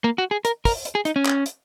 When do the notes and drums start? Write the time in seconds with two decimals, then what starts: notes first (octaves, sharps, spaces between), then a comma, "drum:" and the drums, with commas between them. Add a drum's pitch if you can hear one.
0.04 A#3
0.18 F#4
0.31 G#4
0.45 A#4, drum: hi-hat
0.65 A#4, drum: kick, open hi-hat
0.85 drum: hi-hat
0.95 G#4
1.05 D#4, drum: hi-hat
1.16 C#4
1.26 drum: clap
1.46 drum: hi-hat